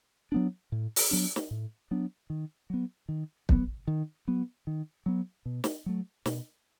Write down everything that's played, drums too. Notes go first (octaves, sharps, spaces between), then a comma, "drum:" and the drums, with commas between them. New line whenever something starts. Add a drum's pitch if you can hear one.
F#3 B3 D4
A2
drum: open hi-hat
F#3 B3 D4
drum: snare
A2
F#3 B3 D4
D#3
F#3 B3
D#3
F#3 B3, drum: kick
D#3
F#3 B3
D#3
F#3 B3
B2
drum: snare
F#3 A3
B2, drum: snare